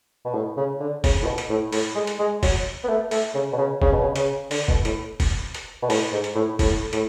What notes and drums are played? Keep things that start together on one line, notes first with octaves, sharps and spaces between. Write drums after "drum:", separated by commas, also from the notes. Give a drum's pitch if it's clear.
B2
A2
C#3
D3
C#3, drum: kick, open hi-hat
A2
B2
drum: hi-hat
A2
A2, drum: open hi-hat
G#3
drum: hi-hat
G#3
F#3, drum: kick, open hi-hat
B3
A3
A3, drum: open hi-hat
C#3
B2
C#3
C#3, drum: kick
B2
C#3
C#3, drum: hi-hat
D3, drum: open hi-hat
B2, drum: kick
A2, drum: hi-hat
drum: kick, open hi-hat
drum: hi-hat
B2
A2, drum: open hi-hat
G#2
drum: hi-hat
A2
A2, drum: kick, open hi-hat
A2, drum: hi-hat